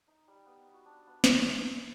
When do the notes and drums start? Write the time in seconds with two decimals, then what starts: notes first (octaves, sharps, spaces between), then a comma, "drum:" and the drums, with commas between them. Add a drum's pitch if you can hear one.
0.08 D#4
0.28 G3
0.46 B3
0.73 F#4
0.86 D4
1.07 B3
1.24 E5, drum: snare
1.54 A5
1.74 C6